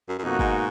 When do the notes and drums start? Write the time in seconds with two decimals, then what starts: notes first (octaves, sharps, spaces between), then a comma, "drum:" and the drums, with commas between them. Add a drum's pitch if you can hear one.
0.08 F#2
0.19 F#2
0.24 F2 B2 A#3 D#4 F#4
0.39 G#2, drum: kick